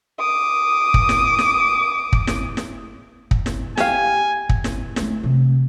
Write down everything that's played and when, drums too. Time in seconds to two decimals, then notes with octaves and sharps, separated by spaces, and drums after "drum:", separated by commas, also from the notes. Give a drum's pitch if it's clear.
0.20 D6 D#6
0.94 drum: kick
1.09 drum: snare
1.39 drum: snare
2.13 drum: kick
2.27 drum: snare
2.57 drum: snare
3.31 drum: kick
3.46 drum: snare
3.77 G4 F5 G#5, drum: snare
4.49 drum: kick
4.64 drum: snare
4.96 D3 A3, drum: snare
5.23 C3